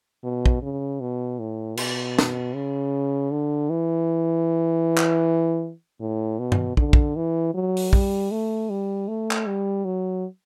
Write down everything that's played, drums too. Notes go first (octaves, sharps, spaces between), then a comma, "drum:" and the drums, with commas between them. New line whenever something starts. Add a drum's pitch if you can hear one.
B2
drum: kick
C#3
B2
A2
B2, drum: cymbal
drum: snare
C#3
D3
E3
drum: clap
A2
B2
drum: tom G2
D3, drum: kick
drum: kick
E3
F#3
drum: open hi-hat
G3, drum: kick
A3
G3
A3
drum: clap
G3
F#3